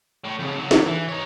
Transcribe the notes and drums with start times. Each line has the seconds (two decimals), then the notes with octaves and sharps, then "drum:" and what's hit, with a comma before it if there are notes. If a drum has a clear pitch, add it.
0.25 A2
0.40 F2 C#3
0.58 C#3 F#3
0.71 drum: snare
0.86 E3
1.08 D#4 C#5